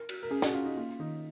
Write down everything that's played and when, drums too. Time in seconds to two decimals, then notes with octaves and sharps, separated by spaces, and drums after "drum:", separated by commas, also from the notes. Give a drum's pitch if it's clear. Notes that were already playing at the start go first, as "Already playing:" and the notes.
Already playing: A#4
0.09 F#4, drum: cymbal
0.23 A#4
0.31 C#4 G#4
0.42 F#4, drum: snare
0.54 C#4 F4
0.65 D#4
0.76 A#3 F4
0.99 D#3 D#4